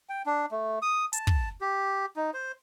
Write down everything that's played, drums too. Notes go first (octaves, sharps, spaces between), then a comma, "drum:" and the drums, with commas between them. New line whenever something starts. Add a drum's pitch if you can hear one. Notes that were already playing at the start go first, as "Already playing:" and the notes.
G5
D4
A3
D#6
A5, drum: hi-hat
drum: kick
G4
D#4
C5